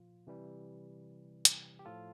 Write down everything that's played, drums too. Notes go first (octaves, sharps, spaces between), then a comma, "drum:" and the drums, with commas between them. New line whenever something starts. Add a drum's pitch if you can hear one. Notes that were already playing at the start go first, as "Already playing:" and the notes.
Already playing: A#2 F3 F4
C3 E3 G3
drum: hi-hat
G4
A2 F3 F4 A4